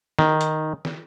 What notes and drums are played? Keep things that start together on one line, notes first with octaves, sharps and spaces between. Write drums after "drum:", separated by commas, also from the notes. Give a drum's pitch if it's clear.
D#3, drum: snare
drum: hi-hat
drum: snare